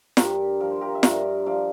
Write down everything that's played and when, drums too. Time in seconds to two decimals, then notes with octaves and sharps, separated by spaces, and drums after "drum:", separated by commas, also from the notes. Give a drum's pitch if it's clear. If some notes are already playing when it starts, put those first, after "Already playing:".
0.17 G2 G4 A#4, drum: snare
0.60 F3 A#4
0.71 C5
0.81 G4 A#4
0.95 E5
1.03 G2 A#4 D5, drum: snare
1.46 F3 D5 F5